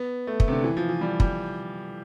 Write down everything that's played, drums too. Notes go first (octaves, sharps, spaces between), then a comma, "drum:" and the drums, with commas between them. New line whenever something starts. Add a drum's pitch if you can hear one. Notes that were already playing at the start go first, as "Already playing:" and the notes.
Already playing: B3
A3
A3, drum: kick
C3
D3
E3
F3
E3
G3
G3, drum: kick